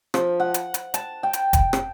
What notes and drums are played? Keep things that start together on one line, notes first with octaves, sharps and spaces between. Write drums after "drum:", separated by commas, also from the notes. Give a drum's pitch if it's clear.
F3, drum: rim click
F#5
drum: hi-hat
drum: hi-hat
A5, drum: hi-hat
G5
drum: hi-hat
drum: kick, hi-hat
drum: rim click